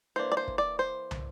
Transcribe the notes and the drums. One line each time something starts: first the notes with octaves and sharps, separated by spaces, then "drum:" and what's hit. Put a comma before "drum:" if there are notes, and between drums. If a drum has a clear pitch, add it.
E3 A#3 D4 C5
D5
C5
drum: kick
D5
C5
drum: tom